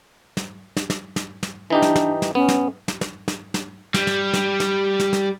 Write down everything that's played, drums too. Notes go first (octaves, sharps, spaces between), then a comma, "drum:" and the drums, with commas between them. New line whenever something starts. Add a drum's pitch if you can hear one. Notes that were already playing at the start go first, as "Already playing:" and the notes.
drum: snare
drum: snare
drum: snare
drum: snare
drum: snare
E3 D4 D#4 G4
drum: snare
drum: snare
drum: snare
B3 C#4
drum: snare
drum: snare
drum: snare
drum: snare
drum: snare
G3, drum: snare
drum: snare
drum: snare
drum: snare
drum: snare
drum: snare